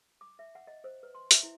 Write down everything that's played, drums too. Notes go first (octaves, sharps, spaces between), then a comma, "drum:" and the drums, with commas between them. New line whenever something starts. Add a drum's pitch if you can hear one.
D6
E5
F#5
D#5
C5
B4
C6
E5, drum: hi-hat
E4